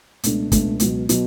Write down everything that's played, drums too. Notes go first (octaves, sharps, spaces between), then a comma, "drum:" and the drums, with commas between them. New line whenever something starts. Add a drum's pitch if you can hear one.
C#2 B2 A3 D4, drum: hi-hat
C#2 B2 A3 D4, drum: kick, hi-hat
C#2 B2 F#3, drum: hi-hat
B2 F#3, drum: hi-hat